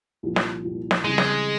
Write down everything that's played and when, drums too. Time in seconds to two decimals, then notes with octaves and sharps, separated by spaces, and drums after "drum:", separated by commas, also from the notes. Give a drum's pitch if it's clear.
0.23 C2 A#2 F3
0.36 drum: snare
0.64 C2 A#2 F3
0.91 drum: snare
1.04 C#3 E3 G3 G#3 C4
1.18 drum: snare